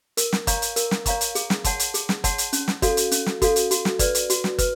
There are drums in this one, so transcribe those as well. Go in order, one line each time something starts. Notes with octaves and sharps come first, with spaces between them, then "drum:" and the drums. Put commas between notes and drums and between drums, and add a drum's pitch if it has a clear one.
A#4, drum: hi-hat
drum: snare
C#5 F5 A#5 C#6, drum: kick, hi-hat
drum: hi-hat
A#4, drum: hi-hat
drum: snare
C#5 F5 A#5 C#6, drum: kick, hi-hat
drum: hi-hat
G#4, drum: hi-hat
drum: snare
C#5 F#5 A5 C6, drum: kick, hi-hat
drum: hi-hat
G#4, drum: hi-hat
drum: snare
C#5 F#5 A5 C6, drum: kick, hi-hat
drum: hi-hat
C#4, drum: hi-hat
drum: snare
F#4 A4 C#5 F5, drum: kick, hi-hat
drum: hi-hat
C#4, drum: hi-hat
drum: snare
F#4 A4 C#5 F5, drum: kick, hi-hat
drum: hi-hat
F#4, drum: hi-hat
drum: snare
B4 D5, drum: kick, hi-hat
drum: hi-hat
F#4, drum: hi-hat
drum: snare
B4, drum: kick, hi-hat